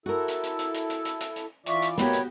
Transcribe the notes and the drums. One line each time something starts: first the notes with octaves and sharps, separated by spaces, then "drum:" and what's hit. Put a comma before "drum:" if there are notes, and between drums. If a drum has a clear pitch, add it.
E4 F#4 A4 A#4
drum: hi-hat
drum: hi-hat
drum: hi-hat
drum: hi-hat
drum: hi-hat
drum: hi-hat
drum: hi-hat
drum: hi-hat
E3 F4 D5 E5 C#6, drum: hi-hat
drum: hi-hat
B2 A#3 B3 F#4 G4 C#5 G5 B5, drum: snare
drum: hi-hat